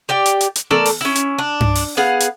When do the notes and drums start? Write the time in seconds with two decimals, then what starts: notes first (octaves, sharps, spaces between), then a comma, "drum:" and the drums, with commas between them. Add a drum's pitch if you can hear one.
0.09 G4 D5 G5
0.26 drum: hi-hat
0.41 drum: hi-hat
0.56 drum: hi-hat
0.71 A3 A4 A#4 D5, drum: tom B3
0.86 drum: open hi-hat
1.01 C#4 E4
1.15 drum: hi-hat
1.39 D4
1.60 drum: tom G2
1.75 drum: open hi-hat
1.97 B3 G#4 F5 F#5
2.20 drum: hi-hat